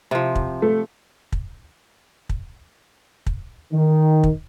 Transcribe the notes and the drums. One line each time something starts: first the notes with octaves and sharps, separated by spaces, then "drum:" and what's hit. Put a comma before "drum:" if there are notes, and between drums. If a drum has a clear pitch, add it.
C3 F3
drum: kick
A3
drum: kick
drum: kick
drum: kick
D#3
drum: kick